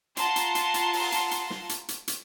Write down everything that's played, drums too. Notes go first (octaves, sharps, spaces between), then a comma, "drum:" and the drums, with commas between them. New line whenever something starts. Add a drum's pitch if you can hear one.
F4 F#5 A5 A#5 C6, drum: hi-hat
drum: hi-hat
drum: hi-hat
drum: hi-hat
drum: open hi-hat
drum: hi-hat
drum: hi-hat
drum: snare
drum: hi-hat
drum: hi-hat
drum: hi-hat